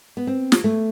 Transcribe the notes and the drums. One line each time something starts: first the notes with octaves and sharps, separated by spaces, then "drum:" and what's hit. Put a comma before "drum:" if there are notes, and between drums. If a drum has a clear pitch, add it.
B3
C4
drum: snare
A3